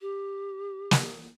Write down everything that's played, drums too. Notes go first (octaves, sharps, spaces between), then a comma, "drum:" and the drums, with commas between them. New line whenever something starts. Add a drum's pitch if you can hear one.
G4
drum: snare